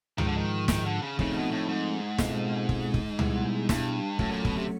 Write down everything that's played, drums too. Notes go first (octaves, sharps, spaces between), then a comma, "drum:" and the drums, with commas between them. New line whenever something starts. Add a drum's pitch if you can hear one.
G#2 D#3 F3 G#3, drum: tom C#2
D3
D#3
D#3, drum: snare
D3
C#3
C#3 F3 A3 C4 D#4, drum: kick
A#2
B2
A2
G#2
B2 G#3 C4 F4 A4, drum: snare
drum: kick
drum: kick
B2 G3 B3 E4 G#4, drum: tom C#2
G2, drum: snare
A2 F#3 A3 C#4 F#4 A4, drum: kick
A#2
B2, drum: kick
C3